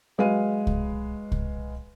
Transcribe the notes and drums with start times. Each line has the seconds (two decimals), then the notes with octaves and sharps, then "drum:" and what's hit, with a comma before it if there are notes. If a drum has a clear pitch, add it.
0.18 F#3 G#3 B4 F5 D#7
0.67 drum: kick C2
1.32 drum: kick C2